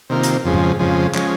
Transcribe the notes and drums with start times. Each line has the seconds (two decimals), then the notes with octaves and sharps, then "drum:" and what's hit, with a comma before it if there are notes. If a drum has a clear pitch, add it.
0.10 C3 D#3 A#3 F4
0.23 drum: hi-hat
0.44 F2 C#3 F3 G#3
0.54 drum: tom G#2
0.79 F2 C#3 F3 G#3
1.14 F3 G#3 C#4, drum: clap